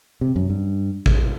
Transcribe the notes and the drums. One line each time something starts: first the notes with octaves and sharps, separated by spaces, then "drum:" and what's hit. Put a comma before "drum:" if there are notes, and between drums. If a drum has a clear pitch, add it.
C3
F#2
G2
drum: kick